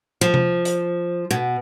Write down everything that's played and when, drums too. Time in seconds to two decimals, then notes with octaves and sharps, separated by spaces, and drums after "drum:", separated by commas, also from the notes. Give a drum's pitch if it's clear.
0.21 F3
0.34 drum: tom C3
0.65 drum: hi-hat
1.31 B2